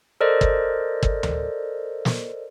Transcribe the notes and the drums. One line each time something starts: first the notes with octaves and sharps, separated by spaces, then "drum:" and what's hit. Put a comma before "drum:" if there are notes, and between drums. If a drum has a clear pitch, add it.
A4 A#4 C5 D5 D#5
drum: kick
drum: kick
drum: tom D2
drum: snare